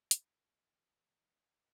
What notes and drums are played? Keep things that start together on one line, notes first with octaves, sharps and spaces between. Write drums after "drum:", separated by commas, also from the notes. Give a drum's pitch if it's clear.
drum: hi-hat
E3
G#3 D#4